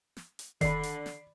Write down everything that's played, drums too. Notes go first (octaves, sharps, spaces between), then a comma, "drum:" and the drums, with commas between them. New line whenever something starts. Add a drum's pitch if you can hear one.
drum: snare
drum: hi-hat
D3 D#3 D5 B5 C7, drum: kick F1, hi-hat
drum: hi-hat
drum: snare